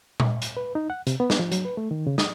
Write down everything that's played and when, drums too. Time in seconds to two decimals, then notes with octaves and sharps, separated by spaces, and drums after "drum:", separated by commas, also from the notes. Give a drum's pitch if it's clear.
0.20 drum: tom A#2
0.42 drum: hi-hat
0.57 B4
0.75 D#4
0.90 F#5
1.07 C3, drum: hi-hat
1.20 B3
1.30 drum: snare
1.39 F3
1.52 F#3, drum: hi-hat
1.65 B4
1.77 A3
1.91 D#3
2.07 C#3
2.18 D#6, drum: snare